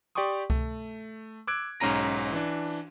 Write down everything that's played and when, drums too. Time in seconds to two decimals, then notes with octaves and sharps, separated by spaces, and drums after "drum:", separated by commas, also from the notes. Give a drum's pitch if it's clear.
0.15 G4 D5 G5 C6 C#6 D#6
0.50 A3, drum: kick C2
1.47 D6 E6 F#6 G#6 D7
1.80 B1 G#2 C#4 A#5 A#6, drum: cymbal
2.33 E3 D4